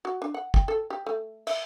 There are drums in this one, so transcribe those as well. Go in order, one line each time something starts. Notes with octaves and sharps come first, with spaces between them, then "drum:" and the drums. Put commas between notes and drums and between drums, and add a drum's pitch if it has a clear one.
F#4
D4
F#5
G5, drum: kick
A4
G4
A3
E5, drum: cymbal